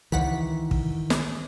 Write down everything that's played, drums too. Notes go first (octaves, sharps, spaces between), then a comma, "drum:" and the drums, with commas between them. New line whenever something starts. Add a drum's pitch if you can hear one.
C#2 D#3 E3 F#5 B6
drum: kick
drum: snare